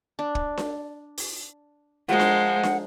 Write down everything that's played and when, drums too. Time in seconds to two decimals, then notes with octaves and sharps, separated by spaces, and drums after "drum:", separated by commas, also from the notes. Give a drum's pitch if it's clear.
0.19 D4
0.35 drum: kick
0.58 drum: snare D4
1.18 drum: open hi-hat
2.09 F3 G#3 A#4 C5 F#5
2.19 drum: snare D4
2.63 drum: snare D4